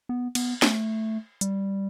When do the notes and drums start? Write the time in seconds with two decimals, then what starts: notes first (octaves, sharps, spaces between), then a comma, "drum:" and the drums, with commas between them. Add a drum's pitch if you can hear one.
0.09 B3
0.35 B3, drum: cymbal
0.62 A3, drum: snare
1.41 G3, drum: hi-hat